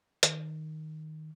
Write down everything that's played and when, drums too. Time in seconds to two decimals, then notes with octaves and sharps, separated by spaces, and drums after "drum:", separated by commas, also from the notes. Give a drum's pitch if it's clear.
0.23 D#3, drum: hi-hat